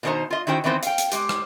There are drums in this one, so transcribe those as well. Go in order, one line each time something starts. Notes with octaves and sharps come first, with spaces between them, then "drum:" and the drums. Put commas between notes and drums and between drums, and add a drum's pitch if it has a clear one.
B2 D#3 D4 D#4 C5 A#5
F4 D#5
D#3 C#4 E4 F#4 C5 G5
D#3 E3 B3 C4 C5
F5 G5, drum: hi-hat
drum: hi-hat
G#3 G4, drum: hi-hat
drum: rim click